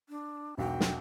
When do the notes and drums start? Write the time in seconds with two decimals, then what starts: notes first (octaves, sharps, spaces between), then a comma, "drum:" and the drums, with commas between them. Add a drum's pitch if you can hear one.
0.09 D4
0.57 E1 B1 F#4 G5
0.80 drum: snare